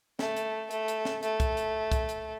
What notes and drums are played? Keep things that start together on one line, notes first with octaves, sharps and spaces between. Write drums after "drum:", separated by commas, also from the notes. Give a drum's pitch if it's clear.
A3, drum: snare
drum: hi-hat
A3, drum: hi-hat
drum: hi-hat
drum: snare
A3, drum: hi-hat
drum: kick, hi-hat
drum: hi-hat
drum: kick, hi-hat
drum: hi-hat